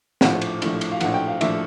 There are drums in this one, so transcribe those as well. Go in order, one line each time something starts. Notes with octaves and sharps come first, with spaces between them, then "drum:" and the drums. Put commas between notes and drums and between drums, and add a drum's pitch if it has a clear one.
A#1 A2 F3 F#5, drum: snare
drum: cymbal
A#1 A2 F3, drum: cymbal
drum: cymbal
F5
A#1 A2 F3 F#5, drum: cymbal
G5
F5
A#1 A2 F3 E5, drum: cymbal